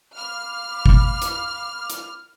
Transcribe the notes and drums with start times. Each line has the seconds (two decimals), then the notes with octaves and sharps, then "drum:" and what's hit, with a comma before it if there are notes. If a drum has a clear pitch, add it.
0.17 F5 B5 D6 F6
0.86 drum: kick G1
1.22 drum: hi-hat
1.90 drum: hi-hat